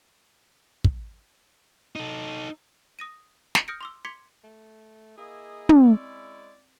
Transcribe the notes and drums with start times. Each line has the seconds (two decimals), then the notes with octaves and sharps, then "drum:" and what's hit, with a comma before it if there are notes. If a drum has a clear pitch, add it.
0.84 drum: kick
1.96 D#4 A4
2.99 D#6 A#6 D#7
3.55 drum: snare
3.68 D#6 F6 G6 A#6 C#7 D7
3.81 C6 D6 E6
4.05 C6 D6 G#6 B6 C#7
4.44 A3
5.18 A#3 E4 G#4 D#5
5.69 C4, drum: tom
5.83 G#3 C#4 E4 D5